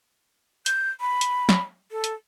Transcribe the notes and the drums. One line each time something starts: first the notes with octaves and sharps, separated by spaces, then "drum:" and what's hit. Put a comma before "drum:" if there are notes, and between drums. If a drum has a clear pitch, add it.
G6, drum: hi-hat
B5
drum: hi-hat
drum: snare
A4
drum: hi-hat